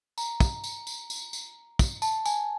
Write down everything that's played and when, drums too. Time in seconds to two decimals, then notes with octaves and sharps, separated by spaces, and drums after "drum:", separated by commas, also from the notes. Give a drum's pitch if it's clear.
0.18 A#5, drum: tambourine
0.40 drum: kick, tambourine
0.64 drum: tambourine
0.87 drum: tambourine
1.10 drum: tambourine
1.33 drum: tambourine
1.79 drum: kick, tambourine
2.02 A5, drum: tambourine
2.26 G#5, drum: tambourine